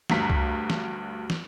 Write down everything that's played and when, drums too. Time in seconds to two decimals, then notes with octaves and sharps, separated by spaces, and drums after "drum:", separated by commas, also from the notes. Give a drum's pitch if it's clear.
0.10 D2 G2 A#5 B6, drum: snare
0.30 drum: kick C2
0.70 drum: snare
1.30 drum: snare